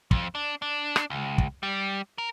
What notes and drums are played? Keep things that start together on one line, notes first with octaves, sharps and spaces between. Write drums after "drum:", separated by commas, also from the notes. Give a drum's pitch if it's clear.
F2, drum: kick
D4
D4
drum: rim click
C#2
drum: kick
G3
A#4